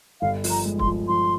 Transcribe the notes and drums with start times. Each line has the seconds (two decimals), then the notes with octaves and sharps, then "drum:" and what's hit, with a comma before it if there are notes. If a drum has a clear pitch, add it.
0.21 G1 F5
0.44 F3, drum: open hi-hat
0.50 A#5
0.65 G#3
0.79 C6, drum: kick
0.87 F3
1.08 F3 C6